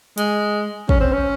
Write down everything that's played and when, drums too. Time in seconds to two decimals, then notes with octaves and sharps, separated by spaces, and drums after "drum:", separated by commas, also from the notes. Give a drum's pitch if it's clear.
0.18 G#3, drum: hi-hat
0.89 C#4, drum: kick
1.00 C4
1.13 C#4